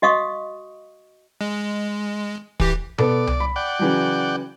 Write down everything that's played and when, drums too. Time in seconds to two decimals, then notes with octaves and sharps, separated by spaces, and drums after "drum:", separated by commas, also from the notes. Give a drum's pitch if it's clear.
0.02 F#4 D#5 F5 C#6 D#6
1.41 G#3
2.60 E3 G4, drum: kick
2.98 B3 A4 D5, drum: tom B2
3.27 drum: tom C2
3.40 B5
3.56 D5 F#5 G5
3.79 C#3 E3 F#3